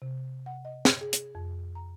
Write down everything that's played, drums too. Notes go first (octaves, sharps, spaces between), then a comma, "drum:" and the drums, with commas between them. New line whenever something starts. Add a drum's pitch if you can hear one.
C3
F#5
D#5
drum: snare
G#4
drum: hi-hat
F2
A#5